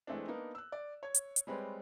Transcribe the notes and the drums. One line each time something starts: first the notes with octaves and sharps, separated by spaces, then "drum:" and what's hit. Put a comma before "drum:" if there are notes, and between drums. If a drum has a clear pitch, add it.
E3 G#3 A3 C4 D4
A#3 B3 D4 D#4
E6 F#6
D5
C#5 G#6
drum: hi-hat
drum: hi-hat
G3 G#3 C4 B4 C#5 D5